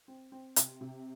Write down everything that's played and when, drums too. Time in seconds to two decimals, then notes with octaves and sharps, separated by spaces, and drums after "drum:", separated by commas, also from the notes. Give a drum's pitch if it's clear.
0.08 C4
0.32 C4
0.56 C3, drum: hi-hat
0.81 C3